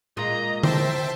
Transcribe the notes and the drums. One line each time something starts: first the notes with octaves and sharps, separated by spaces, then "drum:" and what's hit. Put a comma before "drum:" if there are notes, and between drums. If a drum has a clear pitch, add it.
A#2 G#3 F4 D#5 A#5
C5 E5 G5 A5, drum: tom D3